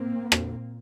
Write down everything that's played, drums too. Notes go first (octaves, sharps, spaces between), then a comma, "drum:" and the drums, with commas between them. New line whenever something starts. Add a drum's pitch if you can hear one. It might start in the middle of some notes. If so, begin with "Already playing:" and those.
Already playing: A2 A#3 C4
A#2, drum: rim click